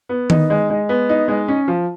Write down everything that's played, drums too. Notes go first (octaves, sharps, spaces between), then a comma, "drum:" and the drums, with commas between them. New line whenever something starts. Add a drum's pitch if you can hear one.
B3
D#4, drum: tom D#3
G#3
G#3
B3
D#4
G#3
C#4
F3